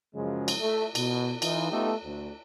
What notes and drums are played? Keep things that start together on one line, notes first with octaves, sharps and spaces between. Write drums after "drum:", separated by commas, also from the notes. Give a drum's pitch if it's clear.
F#2 C#3 F3 F#3 G#3
drum: cymbal
A3
B2, drum: cymbal
E3 D#4 F4, drum: cymbal
A3 B3 D#4 F4 G4 A4
D2